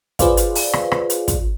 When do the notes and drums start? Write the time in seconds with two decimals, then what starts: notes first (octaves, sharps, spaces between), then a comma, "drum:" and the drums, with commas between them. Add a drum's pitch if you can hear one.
0.19 F4 G#4 B4 C5 D5 F5, drum: kick, hi-hat
0.37 drum: hi-hat
0.55 drum: open hi-hat
0.73 drum: rim click
0.91 drum: rim click
1.10 drum: hi-hat
1.28 drum: kick, hi-hat